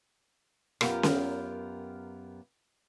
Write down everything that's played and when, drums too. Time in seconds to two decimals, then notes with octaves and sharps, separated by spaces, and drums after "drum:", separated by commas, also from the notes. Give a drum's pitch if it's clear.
0.81 F#2 B3 F4 G4 A#4, drum: rim click
1.03 drum: snare C#4